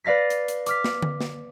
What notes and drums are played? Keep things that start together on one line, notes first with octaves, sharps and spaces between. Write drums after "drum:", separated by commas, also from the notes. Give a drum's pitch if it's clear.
B4 D5 F5 A#6 B6
drum: hi-hat
drum: hi-hat
D6 F6 B6, drum: hi-hat
drum: snare
drum: tom D3
drum: snare